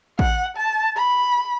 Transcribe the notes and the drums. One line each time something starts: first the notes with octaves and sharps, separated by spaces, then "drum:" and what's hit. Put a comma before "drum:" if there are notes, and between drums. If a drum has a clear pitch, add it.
F#5, drum: kick A1
A5
B5